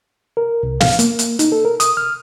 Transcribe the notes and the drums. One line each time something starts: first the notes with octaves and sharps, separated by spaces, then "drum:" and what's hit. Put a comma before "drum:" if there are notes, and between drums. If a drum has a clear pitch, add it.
A#4
C2
F5, drum: snare
A#3, drum: hi-hat
drum: hi-hat
D#4, drum: hi-hat
A4
A#4
D#6, drum: hi-hat
F6